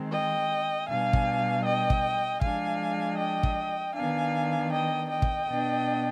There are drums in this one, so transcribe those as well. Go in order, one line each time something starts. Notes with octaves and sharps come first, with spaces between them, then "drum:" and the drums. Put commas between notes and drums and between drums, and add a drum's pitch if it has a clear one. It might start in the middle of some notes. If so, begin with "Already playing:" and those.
Already playing: D#3 G#3 C4
D#5 G5
B2 G3 D4 F5 G#5
drum: kick
D#5 G5
drum: kick
F3 G#3 D4 F5 G#5, drum: kick
D#5 G5
drum: kick
D#3 B3 D4 F5 G#5
D#5 G5
D#5 G5
drum: kick
B2 B3 D4